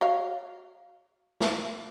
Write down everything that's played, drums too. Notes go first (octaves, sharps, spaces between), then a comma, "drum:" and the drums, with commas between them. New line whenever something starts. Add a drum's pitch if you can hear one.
F#4 C#5 F5
drum: snare